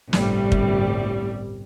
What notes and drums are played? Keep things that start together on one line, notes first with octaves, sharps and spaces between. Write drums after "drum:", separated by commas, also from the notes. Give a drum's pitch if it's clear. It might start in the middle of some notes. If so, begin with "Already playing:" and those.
G1 C2 A2 G3, drum: snare
drum: kick